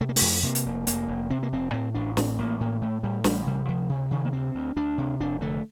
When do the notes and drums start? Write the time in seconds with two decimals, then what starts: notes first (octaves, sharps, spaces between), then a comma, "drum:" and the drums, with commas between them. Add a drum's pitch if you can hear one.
0.01 C3 A3
0.09 A#3
0.16 A3, drum: open hi-hat
0.21 F2
0.43 C3 A#3
0.55 drum: hi-hat
0.66 F1
0.87 F1 A#3, drum: hi-hat
1.08 F1
1.30 C3 C4
1.43 A#3
1.52 F1 C4
1.73 A2 C4
1.95 A1 D4
2.17 A2 C4, drum: snare
2.38 A1 A#3
2.61 A2 A#3
2.82 A2 A3
3.03 A2 G3
3.24 A1 G3, drum: snare
3.46 C3 G3
3.68 D2 F3
3.89 C3
4.11 C3 D#3
4.25 A#3
4.33 D2 C4
4.55 D2
4.76 D2 D4
4.98 C3
5.20 F1 D4
5.41 D3 A3